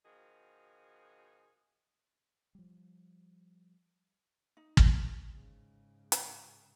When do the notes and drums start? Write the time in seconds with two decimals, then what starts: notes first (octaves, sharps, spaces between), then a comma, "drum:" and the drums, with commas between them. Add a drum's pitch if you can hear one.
0.05 B2 D#3 F3 F#4 G#4
2.55 F3 G3
4.57 D#4
4.77 A#4, drum: kick
5.32 G#2 C#3
6.12 drum: hi-hat